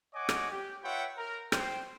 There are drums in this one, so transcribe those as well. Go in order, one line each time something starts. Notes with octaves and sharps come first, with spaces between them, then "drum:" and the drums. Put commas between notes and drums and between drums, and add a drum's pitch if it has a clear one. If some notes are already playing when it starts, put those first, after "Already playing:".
C#5 D#5 F#5 G#5 D6
drum: rim click
G4
F4 B4 C#5 E5 F#5 G5
A#4
C5 G5, drum: rim click